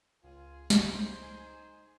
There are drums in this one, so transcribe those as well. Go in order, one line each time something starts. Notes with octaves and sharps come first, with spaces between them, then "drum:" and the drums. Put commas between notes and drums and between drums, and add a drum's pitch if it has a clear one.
C#2 F4 G#4
D#4 C5, drum: snare